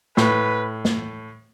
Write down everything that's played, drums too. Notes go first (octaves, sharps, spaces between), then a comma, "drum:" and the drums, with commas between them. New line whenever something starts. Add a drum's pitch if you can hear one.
A2 B4, drum: snare
drum: snare